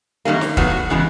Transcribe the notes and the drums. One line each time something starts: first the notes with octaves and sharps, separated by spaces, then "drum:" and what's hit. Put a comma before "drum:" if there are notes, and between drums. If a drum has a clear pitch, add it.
F#2 D#3 G3 A#3
drum: snare
A2 F#3 B3 F#4, drum: kick
C#3 E3 G#3 B3